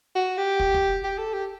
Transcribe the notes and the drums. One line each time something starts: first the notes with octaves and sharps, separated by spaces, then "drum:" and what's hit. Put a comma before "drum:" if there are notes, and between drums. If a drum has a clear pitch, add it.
F#4
G4
drum: kick
drum: kick
G4
A4
G4